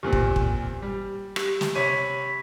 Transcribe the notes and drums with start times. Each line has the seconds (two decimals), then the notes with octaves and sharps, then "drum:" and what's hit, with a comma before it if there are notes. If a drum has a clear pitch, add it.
0.03 E2 A#2 C4 G4
0.13 drum: kick
0.36 drum: kick
0.82 G3
1.36 G4, drum: rim click
1.61 drum: snare
1.75 C3 C#5 B5 D#7